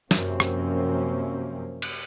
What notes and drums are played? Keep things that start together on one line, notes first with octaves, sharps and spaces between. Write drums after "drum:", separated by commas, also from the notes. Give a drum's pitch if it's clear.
F#2 C3 F3 A#3 C4 C#4, drum: snare
drum: rim click
drum: cymbal